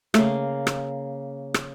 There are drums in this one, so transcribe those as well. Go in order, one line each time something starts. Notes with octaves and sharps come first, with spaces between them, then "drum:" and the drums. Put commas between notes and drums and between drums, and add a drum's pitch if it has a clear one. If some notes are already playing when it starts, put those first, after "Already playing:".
C#3 A3 A#3, drum: rim click
drum: rim click
drum: rim click